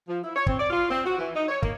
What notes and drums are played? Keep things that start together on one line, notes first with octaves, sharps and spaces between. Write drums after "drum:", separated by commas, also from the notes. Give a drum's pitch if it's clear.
F3
E4
C#5
C4, drum: kick
D5
F4
C4
F#4
E3
D#4
C#5
A#3, drum: kick